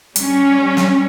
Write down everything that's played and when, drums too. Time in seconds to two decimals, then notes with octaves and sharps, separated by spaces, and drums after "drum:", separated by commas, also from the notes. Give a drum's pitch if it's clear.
0.16 G3 C#4, drum: hi-hat
0.77 drum: snare